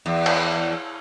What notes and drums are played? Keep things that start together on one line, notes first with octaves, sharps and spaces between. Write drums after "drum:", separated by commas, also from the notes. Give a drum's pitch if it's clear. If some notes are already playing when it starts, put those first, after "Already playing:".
E2
drum: cymbal